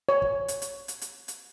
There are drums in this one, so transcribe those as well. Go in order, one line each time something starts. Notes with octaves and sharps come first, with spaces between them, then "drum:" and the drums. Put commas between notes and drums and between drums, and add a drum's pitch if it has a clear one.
C#5
drum: kick
drum: hi-hat
drum: hi-hat
drum: hi-hat
drum: hi-hat
drum: hi-hat